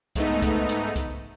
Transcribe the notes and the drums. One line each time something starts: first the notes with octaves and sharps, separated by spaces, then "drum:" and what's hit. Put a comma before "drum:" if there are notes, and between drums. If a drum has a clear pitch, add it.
G#2 A3 B3 D#4, drum: kick C2, hi-hat
drum: kick C2, hi-hat
drum: hi-hat
drum: kick C2, hi-hat